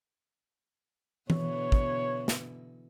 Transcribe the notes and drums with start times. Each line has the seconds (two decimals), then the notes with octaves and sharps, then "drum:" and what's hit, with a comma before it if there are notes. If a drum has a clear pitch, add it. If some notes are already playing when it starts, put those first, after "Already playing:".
1.30 B2 D3 E3 C#5, drum: tom E3
1.72 drum: kick
2.28 drum: snare